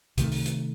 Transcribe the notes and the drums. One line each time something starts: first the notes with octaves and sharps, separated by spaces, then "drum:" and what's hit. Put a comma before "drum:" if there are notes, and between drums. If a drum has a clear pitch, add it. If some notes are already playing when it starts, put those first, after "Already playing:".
C3 D#3 A3, drum: kick C2, hi-hat
drum: open hi-hat
drum: hi-hat